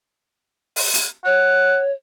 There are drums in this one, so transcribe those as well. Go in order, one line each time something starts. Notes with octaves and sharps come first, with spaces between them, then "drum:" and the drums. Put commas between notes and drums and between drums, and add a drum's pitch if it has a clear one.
drum: open hi-hat
drum: hi-hat
C#5 F#5